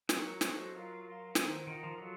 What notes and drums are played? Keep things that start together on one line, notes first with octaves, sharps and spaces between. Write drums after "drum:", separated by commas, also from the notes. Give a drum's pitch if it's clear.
F#3 D#4 F#4 A#4, drum: snare
F#4 A4 C5 D#5, drum: snare
F4 A#4 F5
A#4 F5 C6
D#3 C5 F#5 C6, drum: snare
D#3 F4 A#4 D#5 F#5
F3
F#3 F4 A4